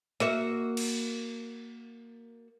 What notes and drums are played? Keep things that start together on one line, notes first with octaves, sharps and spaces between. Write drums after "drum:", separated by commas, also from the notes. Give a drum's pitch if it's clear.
A#3 F#4 E5, drum: snare
drum: cymbal